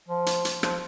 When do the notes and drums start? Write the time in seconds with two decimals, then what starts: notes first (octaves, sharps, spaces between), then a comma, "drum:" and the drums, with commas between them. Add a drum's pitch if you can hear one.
0.08 F3
0.26 drum: hi-hat
0.45 drum: hi-hat
0.63 F3, drum: rim click